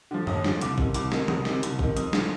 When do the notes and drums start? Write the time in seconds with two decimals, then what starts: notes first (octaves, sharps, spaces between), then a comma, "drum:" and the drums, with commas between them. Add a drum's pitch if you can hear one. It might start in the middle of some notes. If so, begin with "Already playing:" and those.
0.11 D3 F3
0.27 D#2 D#6, drum: tom F#2
0.44 D3 F3, drum: snare
0.61 C2 D6, drum: hi-hat
0.78 C3 D#3, drum: kick
0.94 C2 D6, drum: hi-hat
1.12 C3 D#3, drum: snare
1.28 C2 D#6, drum: tom
1.45 C3 D#3, drum: snare
1.63 C2, drum: hi-hat
1.79 C3 D#3, drum: kick
1.97 F2 D#6, drum: hi-hat
2.13 D3 F3, drum: snare